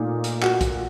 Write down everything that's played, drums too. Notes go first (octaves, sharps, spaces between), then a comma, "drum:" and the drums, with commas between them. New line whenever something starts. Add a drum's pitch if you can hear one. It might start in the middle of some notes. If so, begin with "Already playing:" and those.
Already playing: A#2 A3 D#4
drum: hi-hat
F#4, drum: clap
drum: kick, hi-hat